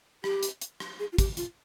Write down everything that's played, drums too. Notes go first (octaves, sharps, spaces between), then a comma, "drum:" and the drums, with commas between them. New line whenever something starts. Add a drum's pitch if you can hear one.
G4, drum: rim click
drum: hi-hat
drum: hi-hat
drum: rim click
G#4
F4
G4, drum: kick, hi-hat
F4, drum: hi-hat